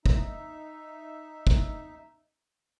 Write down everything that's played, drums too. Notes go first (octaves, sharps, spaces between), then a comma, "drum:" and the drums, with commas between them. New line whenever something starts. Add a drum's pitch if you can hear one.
D#4 E5, drum: kick
drum: kick